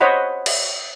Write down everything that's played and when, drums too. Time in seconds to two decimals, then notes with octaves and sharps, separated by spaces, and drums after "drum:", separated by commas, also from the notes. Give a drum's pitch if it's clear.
0.01 C5 C#5 D#5 F#5 B5
0.46 drum: cymbal